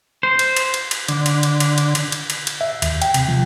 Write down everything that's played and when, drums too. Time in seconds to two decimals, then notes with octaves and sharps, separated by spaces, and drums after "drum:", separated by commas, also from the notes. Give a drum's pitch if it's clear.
0.23 C5
0.39 drum: cymbal
0.57 drum: cymbal
0.74 drum: cymbal
0.91 drum: cymbal
1.08 D3, drum: cymbal
1.26 drum: cymbal
1.43 drum: cymbal
1.60 drum: cymbal
1.78 drum: cymbal
1.95 drum: cymbal
2.12 drum: cymbal
2.30 drum: cymbal
2.47 drum: cymbal
2.61 E5
2.82 D#2, drum: cymbal
3.02 G5, drum: cymbal
3.14 C3, drum: cymbal
3.28 F3